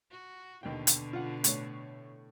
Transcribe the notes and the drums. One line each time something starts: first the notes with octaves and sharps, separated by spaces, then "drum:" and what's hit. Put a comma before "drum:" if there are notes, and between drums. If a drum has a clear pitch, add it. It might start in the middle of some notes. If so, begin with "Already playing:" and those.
F#4
D#2 B2 D3 G5
drum: hi-hat
F4 F#5
A2 C#5, drum: hi-hat